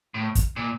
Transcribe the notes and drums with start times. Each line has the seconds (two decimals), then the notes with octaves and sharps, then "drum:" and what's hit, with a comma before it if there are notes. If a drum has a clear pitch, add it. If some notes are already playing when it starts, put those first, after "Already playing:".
0.14 A2
0.35 drum: kick, hi-hat
0.56 A#2